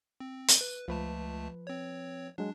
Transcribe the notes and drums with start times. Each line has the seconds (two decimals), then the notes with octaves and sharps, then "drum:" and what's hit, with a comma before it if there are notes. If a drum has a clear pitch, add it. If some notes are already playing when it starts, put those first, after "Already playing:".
0.20 C4
0.48 drum: hi-hat
0.61 B4
0.88 C#2 F3 A3 B4 A5
1.67 C4 C#5
2.38 F#3 G#3 D4